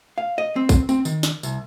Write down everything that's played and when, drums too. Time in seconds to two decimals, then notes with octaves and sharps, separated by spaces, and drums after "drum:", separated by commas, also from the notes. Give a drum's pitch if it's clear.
0.18 F5
0.38 D#5
0.56 C4
0.69 drum: kick A1, tambourine
0.89 C4, drum: tambourine
1.05 D#3, drum: tambourine
1.23 drum: snare
1.43 C2, drum: tambourine